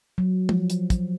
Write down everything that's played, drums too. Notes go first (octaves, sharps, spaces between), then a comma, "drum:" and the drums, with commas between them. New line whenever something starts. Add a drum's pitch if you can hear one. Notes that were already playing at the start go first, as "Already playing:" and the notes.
F#3
F3, drum: tom
drum: hi-hat
drum: kick, hi-hat